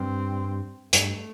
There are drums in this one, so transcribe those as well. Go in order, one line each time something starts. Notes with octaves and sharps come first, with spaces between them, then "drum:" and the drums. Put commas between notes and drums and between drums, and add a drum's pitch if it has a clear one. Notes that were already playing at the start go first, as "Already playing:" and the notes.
Already playing: G2 C4
G2 A3, drum: hi-hat